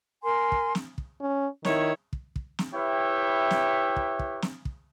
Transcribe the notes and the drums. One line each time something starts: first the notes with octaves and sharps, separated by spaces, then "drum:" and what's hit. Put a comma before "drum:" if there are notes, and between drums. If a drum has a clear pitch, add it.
A#4 G#5 C6
drum: kick
drum: snare
drum: kick
C#4
D#3 E4 C#5, drum: snare
drum: kick
drum: kick
drum: snare
E4 G4 B4 C#5 E5 G5
drum: snare
drum: kick
drum: kick
drum: snare
drum: kick